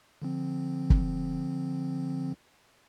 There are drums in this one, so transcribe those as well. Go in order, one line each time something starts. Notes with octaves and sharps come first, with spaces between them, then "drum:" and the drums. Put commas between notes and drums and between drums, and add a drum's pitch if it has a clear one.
D3 F3 C4
drum: kick